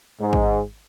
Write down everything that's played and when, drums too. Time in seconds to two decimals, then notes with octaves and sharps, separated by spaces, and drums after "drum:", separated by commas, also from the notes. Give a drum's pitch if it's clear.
0.20 G#2
0.33 drum: kick